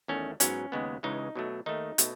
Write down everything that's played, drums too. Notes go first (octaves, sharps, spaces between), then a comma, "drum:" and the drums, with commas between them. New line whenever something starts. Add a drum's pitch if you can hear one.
E2 D#3 A3 C#4
G#2 F#3 B3 C#4, drum: hi-hat
D#2 C#3 G#3 B3
C#2 C#3 E3 G#3 D#4
B2 F#3 A3
D#2 D#3 A3 D#4
B2 A3, drum: hi-hat